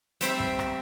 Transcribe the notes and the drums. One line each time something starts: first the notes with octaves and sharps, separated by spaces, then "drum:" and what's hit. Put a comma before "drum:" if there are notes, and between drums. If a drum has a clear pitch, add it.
G3 C4 C5 E5, drum: hi-hat
drum: kick
drum: rim click